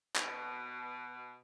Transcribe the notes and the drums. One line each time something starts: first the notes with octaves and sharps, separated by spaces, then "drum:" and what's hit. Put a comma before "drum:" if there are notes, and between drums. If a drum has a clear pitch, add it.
B2, drum: clap